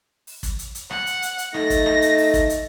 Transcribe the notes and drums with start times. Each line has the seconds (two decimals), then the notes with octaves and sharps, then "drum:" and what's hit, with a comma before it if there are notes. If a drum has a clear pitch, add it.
0.27 drum: open hi-hat
0.43 drum: kick, hi-hat
0.59 drum: hi-hat
0.75 drum: hi-hat
0.91 F#5, drum: rim click
1.07 drum: hi-hat
1.22 drum: hi-hat
1.38 drum: hi-hat
1.54 A3 D#4 A#6, drum: rim click
1.70 drum: kick, hi-hat
1.86 drum: rim click
2.02 drum: hi-hat
2.18 drum: open hi-hat
2.34 drum: kick, hi-hat
2.50 drum: hi-hat